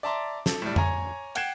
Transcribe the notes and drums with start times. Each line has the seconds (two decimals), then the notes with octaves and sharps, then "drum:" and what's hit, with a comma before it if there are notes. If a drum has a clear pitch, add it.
0.03 D5 E5 A5 A#5 C6 D6
0.46 A4, drum: snare
0.62 A2 G3
0.76 C#5 G#5 A#5, drum: tom F2
1.35 F#5 G5 F#6 G#6 C7 E7, drum: cymbal